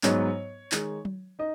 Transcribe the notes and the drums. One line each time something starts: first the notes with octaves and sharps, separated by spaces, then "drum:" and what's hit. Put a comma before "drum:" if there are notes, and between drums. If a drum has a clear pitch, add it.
G#2 F#3 B3 D#4 C#5, drum: clap
D#3 G#3 D#4, drum: clap
drum: tom F#3
D#4 D#5